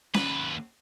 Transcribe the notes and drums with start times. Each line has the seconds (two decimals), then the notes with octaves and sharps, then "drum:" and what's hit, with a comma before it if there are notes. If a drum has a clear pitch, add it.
0.14 D#2 B4, drum: snare C#4